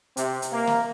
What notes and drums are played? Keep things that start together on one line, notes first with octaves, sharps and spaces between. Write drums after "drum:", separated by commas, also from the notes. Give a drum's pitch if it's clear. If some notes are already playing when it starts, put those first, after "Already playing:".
C3, drum: hi-hat
drum: hi-hat
A#3
drum: snare